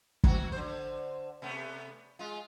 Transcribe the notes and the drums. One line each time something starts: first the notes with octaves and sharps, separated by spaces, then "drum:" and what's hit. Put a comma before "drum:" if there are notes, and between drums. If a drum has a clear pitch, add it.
B2 F#4, drum: kick
D3 C5
C3 A3 B3
G#3 F4